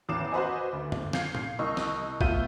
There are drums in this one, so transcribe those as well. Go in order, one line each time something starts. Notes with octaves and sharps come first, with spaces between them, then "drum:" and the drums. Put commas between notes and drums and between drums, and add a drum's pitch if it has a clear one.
A1 E2 D6 C7 E7
F#4 B4 C5 D#5 G#5
D2
drum: tom F#2
F5 G6 G#6 C7 C#7, drum: snare
drum: tom A2
C2 D#5 C#6 E6
drum: snare
A3 B3 F4 E5 G6 D#7, drum: kick A1